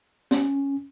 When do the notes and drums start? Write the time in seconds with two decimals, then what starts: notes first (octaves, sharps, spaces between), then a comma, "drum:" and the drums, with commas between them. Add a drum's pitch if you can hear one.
0.31 C#4, drum: snare